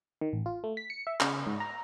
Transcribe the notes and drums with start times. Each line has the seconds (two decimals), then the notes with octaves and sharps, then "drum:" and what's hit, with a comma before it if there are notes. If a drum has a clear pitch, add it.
0.21 D#3
0.33 A1
0.46 F4
0.64 A3
0.77 B6
0.90 C#7
1.07 E5
1.21 C#3, drum: clap
1.47 G#2
1.60 A#5